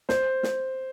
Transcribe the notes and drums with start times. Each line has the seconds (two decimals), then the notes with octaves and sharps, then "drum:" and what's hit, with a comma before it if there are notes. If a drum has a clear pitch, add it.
0.09 C5, drum: snare
0.43 drum: snare